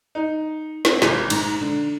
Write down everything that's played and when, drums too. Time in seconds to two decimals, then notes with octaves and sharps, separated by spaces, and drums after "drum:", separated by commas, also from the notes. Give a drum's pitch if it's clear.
0.15 D#4
0.85 C4, drum: snare
1.02 G#1, drum: snare
1.30 G#2, drum: cymbal
1.61 D3